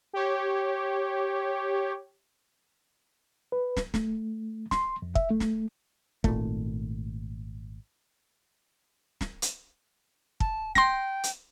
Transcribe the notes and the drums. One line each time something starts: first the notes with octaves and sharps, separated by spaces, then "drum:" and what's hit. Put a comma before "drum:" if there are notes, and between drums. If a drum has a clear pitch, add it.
G4 C#5
B4
drum: snare
A3, drum: snare
C6, drum: snare
F2
E5, drum: kick
A3
drum: snare
G#1 A#2 A3, drum: kick
drum: snare
drum: hi-hat
A5, drum: kick
G5 C6 A#6, drum: snare
drum: hi-hat